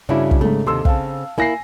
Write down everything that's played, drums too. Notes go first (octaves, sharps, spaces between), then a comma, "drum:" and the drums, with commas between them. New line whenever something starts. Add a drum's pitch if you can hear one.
G2 C#3 D4 E4 F#4 C#5
drum: kick
G#2 C#3 A3
D#2 C3 A4 C6 E6
C#3 C4 F5 A5, drum: kick
A#3 E4 G#5 A#6 C7